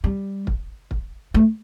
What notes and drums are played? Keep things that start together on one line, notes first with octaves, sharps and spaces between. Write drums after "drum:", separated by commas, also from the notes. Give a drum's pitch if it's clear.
G3
drum: kick
drum: kick
A3